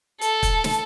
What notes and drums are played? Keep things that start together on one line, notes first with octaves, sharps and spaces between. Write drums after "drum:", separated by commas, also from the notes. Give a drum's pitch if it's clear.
A4, drum: hi-hat
drum: kick, hi-hat
drum: snare